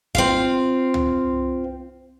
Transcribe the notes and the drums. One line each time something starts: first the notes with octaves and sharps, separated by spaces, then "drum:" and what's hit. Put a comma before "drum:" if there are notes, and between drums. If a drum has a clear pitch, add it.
C4 F4 F5, drum: kick
drum: tom